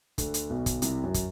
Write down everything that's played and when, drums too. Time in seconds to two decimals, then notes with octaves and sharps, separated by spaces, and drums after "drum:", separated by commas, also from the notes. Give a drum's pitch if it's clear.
0.18 D2 D3, drum: kick, hi-hat
0.34 drum: hi-hat
0.50 B1 B2
0.66 drum: kick, hi-hat
0.82 C2 C3, drum: hi-hat
1.03 F#2 F#3
1.14 drum: kick, hi-hat